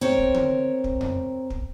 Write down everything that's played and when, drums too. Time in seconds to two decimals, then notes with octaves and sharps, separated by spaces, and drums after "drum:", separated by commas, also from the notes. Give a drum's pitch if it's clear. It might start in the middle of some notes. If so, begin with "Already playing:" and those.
0.01 C4 A#4 C#5
0.18 drum: kick
0.34 drum: tom D3
0.84 drum: kick
1.01 drum: tom E2
1.50 drum: kick